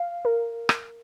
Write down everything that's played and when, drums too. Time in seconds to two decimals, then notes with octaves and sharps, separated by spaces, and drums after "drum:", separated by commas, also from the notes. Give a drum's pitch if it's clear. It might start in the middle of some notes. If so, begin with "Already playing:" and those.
Already playing: F5
0.25 A#4
0.69 drum: rim click